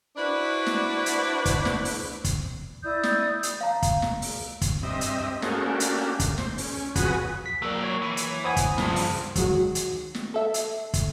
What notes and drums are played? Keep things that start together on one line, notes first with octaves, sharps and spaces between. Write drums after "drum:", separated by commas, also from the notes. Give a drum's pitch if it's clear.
D4 E4 F#4 B4 C5 D5
drum: snare
drum: hi-hat
drum: kick, hi-hat
drum: snare
drum: open hi-hat
drum: kick, hi-hat
E4 D5 D#6 G6
drum: snare
drum: hi-hat
F5 A#5
drum: kick, hi-hat
drum: snare
drum: open hi-hat
drum: kick, hi-hat
G2 C4 D#5 E5
drum: hi-hat
A#3 C#4 F#4 G#4 A4 C5, drum: snare
A3 A#3 C#4 D4 F#4 G4
drum: hi-hat
drum: kick, hi-hat
C5, drum: snare
C#4, drum: open hi-hat
F2 F#3 F#4 G#4 B4 D#6, drum: kick, hi-hat
B6
F#3 A#3 D5 E6
C#5
E3
drum: hi-hat
C5 F#5 G#5 B5 D#6 G#6
drum: kick, hi-hat
G2 C#3 F3, drum: snare
drum: open hi-hat
D#3 F#3 G#3 F#4, drum: kick, hi-hat
drum: hi-hat
drum: snare
A4 E5
drum: hi-hat
drum: kick, hi-hat